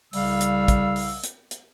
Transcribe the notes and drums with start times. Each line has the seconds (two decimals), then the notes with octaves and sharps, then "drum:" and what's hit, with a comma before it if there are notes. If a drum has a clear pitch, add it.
0.13 C2 C#3 G3 F5 E6, drum: open hi-hat
0.41 drum: hi-hat
0.68 drum: kick, hi-hat
0.96 drum: open hi-hat
1.24 drum: hi-hat
1.51 drum: hi-hat